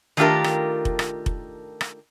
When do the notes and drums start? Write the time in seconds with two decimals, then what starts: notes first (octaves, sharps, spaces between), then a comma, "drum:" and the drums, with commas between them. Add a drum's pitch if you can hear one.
0.17 D#3 A3 D4 F4 G4 A#4
0.44 drum: rim click
0.85 drum: kick F1
0.99 drum: rim click
1.26 drum: kick F1
1.81 drum: rim click